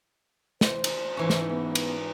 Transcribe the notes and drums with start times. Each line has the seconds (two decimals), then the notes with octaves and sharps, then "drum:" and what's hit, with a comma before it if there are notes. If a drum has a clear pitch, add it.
0.61 C5, drum: snare
0.84 drum: cymbal
1.17 G#2 E3 C#4
1.30 drum: snare
1.50 B3
1.75 drum: cymbal